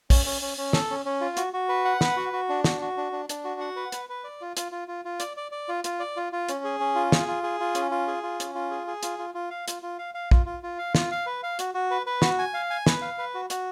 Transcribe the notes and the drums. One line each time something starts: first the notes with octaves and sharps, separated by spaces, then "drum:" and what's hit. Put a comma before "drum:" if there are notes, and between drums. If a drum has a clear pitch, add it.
C#4, drum: kick, open hi-hat
C#4
C#4
C#4
A4, drum: snare
C#4
C#4
F4
F#4, drum: hi-hat
F#4
B4
F#5
B4, drum: snare
F#4
F#4
D4
F#4, drum: snare
F#4
D4
D4
D4, drum: hi-hat
F#4
F#5
B4
B4, drum: hi-hat
B4
D5
F4
F4, drum: hi-hat
F4
F4
F4
D5, drum: hi-hat
D5
D5
F4
F4, drum: hi-hat
D5
F4
F4
C#4, drum: hi-hat
G#4
C#4
F4
G#4, drum: snare
F4
G#4
F4
C#4, drum: hi-hat
F4
G#4
F4
C#4, drum: hi-hat
F4
G#4
G#4
F4, drum: hi-hat
F4
F4
F5
F4, drum: hi-hat
F4
F5
F5
F4, drum: kick
F4
F4
F5
F4, drum: snare
F5
B4
F5
F#4, drum: hi-hat
F#4
B4
B4
F#4, drum: snare
G#5
F5
G#5
B4, drum: snare
F5
B4
F#4
F#4, drum: hi-hat